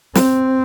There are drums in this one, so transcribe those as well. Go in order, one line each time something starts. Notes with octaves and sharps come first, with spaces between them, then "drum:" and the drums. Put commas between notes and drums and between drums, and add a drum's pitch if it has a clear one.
C4, drum: snare